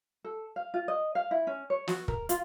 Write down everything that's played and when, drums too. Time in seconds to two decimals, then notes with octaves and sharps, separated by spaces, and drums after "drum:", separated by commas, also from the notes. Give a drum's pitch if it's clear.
0.24 A4
0.56 F5
0.74 F4
0.88 D#5
1.15 F5
1.31 E4
1.47 C#4
1.70 C#5
1.88 F#4, drum: snare
2.08 A#4, drum: kick
2.29 F4, drum: hi-hat